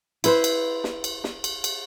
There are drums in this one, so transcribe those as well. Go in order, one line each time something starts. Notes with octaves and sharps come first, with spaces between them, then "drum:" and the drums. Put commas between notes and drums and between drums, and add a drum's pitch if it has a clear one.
E4 B4 C5, drum: cymbal
drum: cymbal
drum: snare
drum: cymbal
drum: snare
drum: cymbal
drum: cymbal